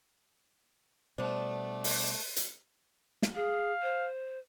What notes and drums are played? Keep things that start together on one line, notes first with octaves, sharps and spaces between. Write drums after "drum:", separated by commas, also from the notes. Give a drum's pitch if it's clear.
B2 G3 A3 B3 D4 C5
drum: open hi-hat
drum: hi-hat
drum: snare
G#4 F5
C5